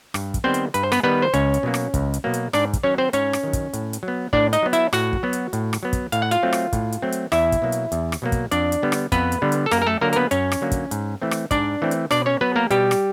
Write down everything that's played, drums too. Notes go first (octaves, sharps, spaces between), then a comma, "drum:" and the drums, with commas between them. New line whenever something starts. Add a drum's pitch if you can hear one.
G2, drum: rim click
drum: kick, hi-hat
D#3 G3 B3 C4 C5
drum: hi-hat
G2 B4, drum: hi-hat
C5
B3 B4, drum: rim click
D#3 G3 B3 B4
C5
C#2 C#4 C#5, drum: hi-hat
drum: hi-hat
B2 F#3 A#3
drum: rim click
C#2, drum: kick, hi-hat
drum: hi-hat
B2 F#3 A#3
drum: hi-hat
G#2 D4 D5, drum: rim click
drum: kick, hi-hat
D#3 F#3 C#4 C#5
C4 C5
G#2 C#4 C#5, drum: hi-hat
drum: rim click
D#3 F#3
drum: kick, hi-hat
A2, drum: hi-hat
drum: hi-hat
F#3
B3
A2 D4 D5, drum: kick
D#4 D#5, drum: hi-hat
F#3 B3
E4 E5, drum: hi-hat
A2 F#4 F#5, drum: rim click
drum: kick
F#3 B3
drum: hi-hat
A2, drum: hi-hat
drum: rim click
F#3 B3
drum: kick, hi-hat
A2 F5, drum: hi-hat
F#5
F4 F5, drum: hi-hat
F#3 A3 C4
drum: rim click
A2, drum: kick, hi-hat
drum: hi-hat
F#3 A3 C4
drum: hi-hat
E2 E4 E5, drum: rim click
drum: kick, hi-hat
B2 F#3 A#3
drum: hi-hat
E2, drum: hi-hat
drum: rim click
B2 F#3 A#3
drum: kick, hi-hat
F2 D4 D5, drum: hi-hat
drum: hi-hat
D3 G3 B3
drum: rim click
F2 B3 B4, drum: kick, hi-hat
drum: hi-hat
D3 G3 B3
drum: hi-hat
A4
F#2 A#3 A#4, drum: rim click
A#4
A3 A4
D3 F#3 A#3 A#4
A#4, drum: hi-hat
B3 B4
F#2 C#4 C#5, drum: hi-hat
drum: rim click
D3 F#3 A#3
drum: kick, hi-hat
G#2, drum: hi-hat
E3 A3 C4
drum: rim click
G#2 D4 D5, drum: kick, hi-hat
E3 A3 C4
drum: hi-hat
B2 D4 D5, drum: rim click
C#4 C#5
F#3 B3 B4
A#3 A#4
B2 G3 G4, drum: hi-hat
drum: rim click